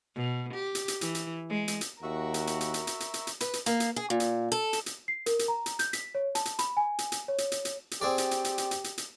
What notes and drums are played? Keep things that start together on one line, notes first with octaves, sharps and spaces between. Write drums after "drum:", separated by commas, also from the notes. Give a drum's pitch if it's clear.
B2
G4
drum: hi-hat
drum: hi-hat
E3, drum: hi-hat
drum: hi-hat
G#3
drum: hi-hat
drum: hi-hat
D#2 F#4 A#4 E5 C#6 E6
drum: hi-hat
drum: hi-hat
drum: hi-hat
drum: hi-hat
drum: hi-hat
drum: hi-hat
drum: hi-hat
drum: hi-hat
B4, drum: hi-hat
drum: hi-hat
A#3, drum: hi-hat
drum: hi-hat
G#4
A#2
drum: hi-hat
A4
drum: hi-hat
drum: hi-hat
C7
A#4, drum: hi-hat
drum: hi-hat
A#5
drum: hi-hat
G6, drum: hi-hat
B6, drum: hi-hat
C#5
A5, drum: hi-hat
drum: hi-hat
B5, drum: hi-hat
G#5
drum: hi-hat
drum: hi-hat
C#5
drum: hi-hat
drum: hi-hat
drum: hi-hat
drum: hi-hat
C4 G4 G#4 D5
drum: hi-hat
drum: hi-hat
drum: hi-hat
drum: hi-hat
drum: hi-hat
drum: hi-hat
drum: hi-hat